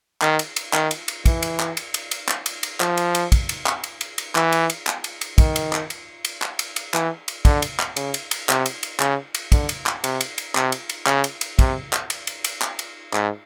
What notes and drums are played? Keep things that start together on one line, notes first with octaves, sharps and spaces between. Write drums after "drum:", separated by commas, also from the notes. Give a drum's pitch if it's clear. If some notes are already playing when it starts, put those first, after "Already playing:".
D#3, drum: clap
drum: cymbal
drum: cymbal
D#3, drum: clap
drum: cymbal
drum: cymbal
E3, drum: kick, cymbal
drum: cymbal
drum: clap
drum: cymbal
drum: cymbal
drum: cymbal
drum: clap
drum: cymbal
drum: cymbal
F3, drum: clap
drum: cymbal
drum: cymbal
drum: kick, cymbal
drum: cymbal
drum: clap
drum: cymbal
drum: cymbal
drum: cymbal
E3, drum: clap
drum: cymbal
drum: cymbal
drum: clap
drum: cymbal
drum: cymbal
D#3, drum: kick, cymbal
drum: cymbal
drum: clap
drum: cymbal
drum: cymbal
drum: clap
drum: cymbal
drum: cymbal
E3, drum: clap
drum: cymbal
D3, drum: kick, cymbal
drum: cymbal
drum: clap
C#3, drum: cymbal
drum: cymbal
drum: cymbal
C3, drum: clap
drum: cymbal
drum: cymbal
C#3, drum: clap
drum: cymbal
D3, drum: kick, cymbal
drum: cymbal
drum: clap
C3, drum: cymbal
drum: cymbal
drum: cymbal
C3, drum: clap
drum: cymbal
drum: cymbal
C#3, drum: clap
drum: cymbal
drum: cymbal
C3, drum: kick, cymbal
drum: clap
drum: cymbal
drum: cymbal
drum: cymbal
drum: clap
drum: cymbal
G#2, drum: clap